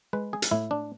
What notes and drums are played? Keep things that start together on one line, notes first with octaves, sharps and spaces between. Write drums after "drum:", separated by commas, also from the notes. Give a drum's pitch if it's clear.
G#3 B4
G#4
drum: hi-hat
A2 E4
D4